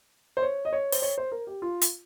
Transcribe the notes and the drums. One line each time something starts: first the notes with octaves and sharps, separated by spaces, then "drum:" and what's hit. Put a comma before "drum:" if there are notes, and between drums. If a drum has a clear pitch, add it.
C5
C#5
D#5
C#5
C5, drum: open hi-hat
C#5
C5
A#4
G4
F4
drum: hi-hat